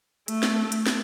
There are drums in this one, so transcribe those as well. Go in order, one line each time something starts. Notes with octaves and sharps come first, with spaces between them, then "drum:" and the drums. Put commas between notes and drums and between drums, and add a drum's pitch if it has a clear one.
A3, drum: hi-hat
drum: snare
drum: hi-hat
drum: snare